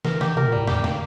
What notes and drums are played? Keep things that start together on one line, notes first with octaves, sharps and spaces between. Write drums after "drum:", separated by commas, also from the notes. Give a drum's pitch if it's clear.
E3 A#4, drum: snare
G4, drum: snare
C3 A#4
A#2
A2 G3
F2 G4, drum: snare
A#3, drum: snare